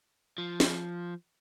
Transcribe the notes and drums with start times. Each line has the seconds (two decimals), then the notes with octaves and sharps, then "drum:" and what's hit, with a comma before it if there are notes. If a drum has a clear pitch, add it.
0.38 F3
0.60 drum: snare